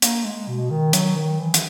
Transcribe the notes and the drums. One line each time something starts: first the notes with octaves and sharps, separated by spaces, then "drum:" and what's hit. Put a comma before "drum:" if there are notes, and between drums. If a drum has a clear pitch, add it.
A#3, drum: hi-hat
G#3
B2
D#3
F#3, drum: hi-hat
D#3
E3
drum: hi-hat